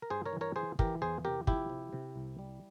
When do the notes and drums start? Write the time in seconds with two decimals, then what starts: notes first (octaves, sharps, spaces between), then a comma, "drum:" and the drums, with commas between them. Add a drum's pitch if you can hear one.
0.02 A#4
0.10 G2 G#4 C5
0.26 A#4 C#5
0.33 E3
0.41 A#4 C#5
0.56 E3 G#4 C5
0.79 E3 G4 A#4, drum: kick
1.02 E2 G#4 C5
1.25 C3 G4 A#4
1.47 F3 E4 G4, drum: kick
1.70 C3
1.93 C3
2.16 C2
2.39 G3